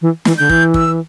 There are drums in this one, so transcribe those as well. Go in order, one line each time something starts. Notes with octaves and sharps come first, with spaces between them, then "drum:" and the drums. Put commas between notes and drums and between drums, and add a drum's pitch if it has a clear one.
E3
E3, drum: snare
D3 G6
E3, drum: kick
E6, drum: kick